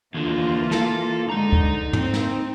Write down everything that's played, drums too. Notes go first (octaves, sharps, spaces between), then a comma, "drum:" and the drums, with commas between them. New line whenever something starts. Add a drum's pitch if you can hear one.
D#2 D3 E3 A#3 F4
A4, drum: snare
G#2 D3 G#3 D#4 A#5
drum: kick C#2
C4, drum: tom
drum: snare